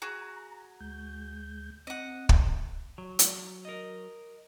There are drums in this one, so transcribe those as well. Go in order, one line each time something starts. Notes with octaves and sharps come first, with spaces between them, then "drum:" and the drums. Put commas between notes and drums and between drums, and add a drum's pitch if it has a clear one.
F#4 G#4 A#5
D2 G#3 G6
C4 D#5 F#5
drum: kick
F#3
drum: hi-hat
A#4 D#5